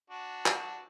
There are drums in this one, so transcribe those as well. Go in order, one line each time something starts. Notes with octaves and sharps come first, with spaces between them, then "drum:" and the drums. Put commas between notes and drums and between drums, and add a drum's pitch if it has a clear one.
D4 F#4
drum: clap